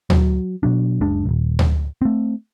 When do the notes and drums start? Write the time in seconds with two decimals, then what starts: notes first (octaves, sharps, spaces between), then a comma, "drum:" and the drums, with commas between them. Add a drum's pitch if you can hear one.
0.10 F#3, drum: tom D2
0.63 B2 F#3 D4
1.01 F#1 C#2 G#3 D4
1.26 D#1 A#1
1.59 drum: tom D2
2.02 A3 C4